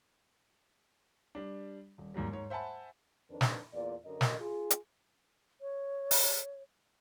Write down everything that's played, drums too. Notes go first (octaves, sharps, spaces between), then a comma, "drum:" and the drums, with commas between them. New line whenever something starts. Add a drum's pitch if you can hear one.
G3 D4
D#1
D#2 G#2 F#3 G3
G#2 C#5
C5 E5 F#5 G#5 A5 B5
F2 D#3 D4 B4
drum: snare
E2 A#2 F4 D5
F#2 D3 A#4 D#5
drum: snare
F4 G#4
drum: hi-hat
C#5
drum: open hi-hat